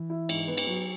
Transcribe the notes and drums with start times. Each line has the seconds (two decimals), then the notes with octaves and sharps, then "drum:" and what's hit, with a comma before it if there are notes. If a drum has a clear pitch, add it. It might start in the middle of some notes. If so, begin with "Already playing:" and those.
Already playing: E3
0.10 E4
0.29 G#2, drum: cymbal
0.48 B3
0.57 drum: cymbal
0.67 F#3